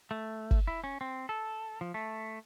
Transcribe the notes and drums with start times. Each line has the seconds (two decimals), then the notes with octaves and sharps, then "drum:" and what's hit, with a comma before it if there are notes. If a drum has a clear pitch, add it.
0.11 A3
0.51 drum: kick
0.67 E4
0.84 C#4
1.01 C4
1.29 A4
1.81 F3
1.94 A3